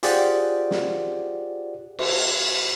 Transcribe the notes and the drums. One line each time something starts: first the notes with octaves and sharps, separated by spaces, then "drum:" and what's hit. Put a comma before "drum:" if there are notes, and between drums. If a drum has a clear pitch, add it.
F4 G4 G#4 C5 D5 F#5, drum: hi-hat
drum: snare
drum: cymbal